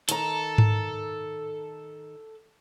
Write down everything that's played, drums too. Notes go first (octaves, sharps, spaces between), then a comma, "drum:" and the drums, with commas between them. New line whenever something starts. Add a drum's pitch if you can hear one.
D#3 A4 A#5, drum: hi-hat
drum: tom G#2